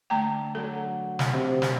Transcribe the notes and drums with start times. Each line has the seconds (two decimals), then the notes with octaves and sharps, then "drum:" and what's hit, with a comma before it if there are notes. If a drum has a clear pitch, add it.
0.10 D3 A3 G5 A5 A#5
0.55 F#3 D4 A4
1.19 drum: snare
1.33 C3
1.62 drum: snare